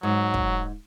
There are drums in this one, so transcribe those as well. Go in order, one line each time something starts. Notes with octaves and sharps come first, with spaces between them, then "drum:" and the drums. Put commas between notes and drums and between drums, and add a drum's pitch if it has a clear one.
G#2 F#3
drum: kick